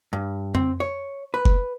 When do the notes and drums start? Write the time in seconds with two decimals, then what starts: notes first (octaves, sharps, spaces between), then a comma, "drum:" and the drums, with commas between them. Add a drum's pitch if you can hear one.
0.13 G2
0.55 C4, drum: tom F2
0.80 C#5
1.34 B4
1.45 drum: kick